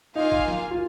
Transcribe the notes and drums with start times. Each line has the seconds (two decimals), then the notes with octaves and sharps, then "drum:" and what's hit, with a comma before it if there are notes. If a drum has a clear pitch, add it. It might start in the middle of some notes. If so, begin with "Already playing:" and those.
0.15 A#3 D#4 F4 A#4 F5 G#5
0.32 drum: kick F#1
0.48 drum: snare
0.71 F4